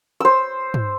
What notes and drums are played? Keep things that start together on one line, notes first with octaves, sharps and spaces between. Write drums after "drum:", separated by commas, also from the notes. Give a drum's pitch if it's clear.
C5 E6
drum: tom